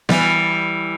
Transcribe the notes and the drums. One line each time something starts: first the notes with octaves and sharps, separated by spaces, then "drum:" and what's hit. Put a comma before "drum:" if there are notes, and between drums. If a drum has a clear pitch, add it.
E3 G3, drum: snare B3